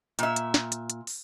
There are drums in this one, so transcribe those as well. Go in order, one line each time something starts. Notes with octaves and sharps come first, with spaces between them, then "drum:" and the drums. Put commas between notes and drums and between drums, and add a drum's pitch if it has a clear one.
A#2 E5, drum: hi-hat
drum: hi-hat
drum: snare
drum: hi-hat
drum: hi-hat
drum: open hi-hat